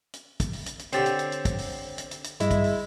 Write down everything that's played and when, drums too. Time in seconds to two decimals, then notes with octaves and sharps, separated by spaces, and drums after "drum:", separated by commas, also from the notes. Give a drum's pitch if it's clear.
0.14 drum: hi-hat
0.40 drum: kick, hi-hat
0.53 drum: open hi-hat
0.66 drum: hi-hat
0.79 drum: hi-hat
0.93 D3 C4 G4 C#5 C6 A6, drum: hi-hat
1.06 drum: hi-hat
1.19 drum: hi-hat
1.32 drum: hi-hat
1.45 drum: kick, hi-hat
1.58 drum: open hi-hat
1.98 drum: hi-hat
2.11 drum: hi-hat
2.24 drum: hi-hat
2.40 G2 G3 G#3 E4, drum: hi-hat
2.51 drum: kick, hi-hat
2.64 drum: open hi-hat